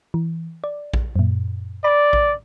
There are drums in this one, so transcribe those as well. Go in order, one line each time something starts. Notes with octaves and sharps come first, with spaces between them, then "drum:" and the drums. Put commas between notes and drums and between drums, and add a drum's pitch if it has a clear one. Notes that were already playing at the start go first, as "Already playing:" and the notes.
E3
D5
drum: kick A#1
F#2 A#2
D5 B5 D6
drum: kick A#1